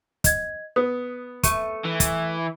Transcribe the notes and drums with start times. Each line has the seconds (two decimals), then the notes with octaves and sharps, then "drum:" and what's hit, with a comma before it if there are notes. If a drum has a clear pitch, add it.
0.24 D#5 G#6, drum: kick, hi-hat
0.76 B3 D#6
1.43 A3 C#6 D#7, drum: kick, hi-hat
1.85 E3
2.00 drum: kick, hi-hat